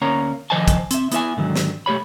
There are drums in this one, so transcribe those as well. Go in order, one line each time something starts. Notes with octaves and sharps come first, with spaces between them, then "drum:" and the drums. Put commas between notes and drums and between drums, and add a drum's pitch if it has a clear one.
D2 A#3 C#4 C#5 A#5
D#3 F3 C5 D#5 G#5 A5
drum: kick, hi-hat
C4 E5, drum: hi-hat
B3 E4 E5 G#5, drum: hi-hat
G#2 D3 D#3 F#3
drum: snare
B1 A3 G4 C#5 B5